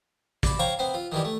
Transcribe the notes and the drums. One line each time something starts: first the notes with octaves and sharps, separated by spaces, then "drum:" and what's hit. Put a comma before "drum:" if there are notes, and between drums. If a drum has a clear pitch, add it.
D5 A5 B5, drum: kick, hi-hat
C5 C#5 F5 G5 A#5 C#6
B3 C4
F4
D#3 E3 G3
A3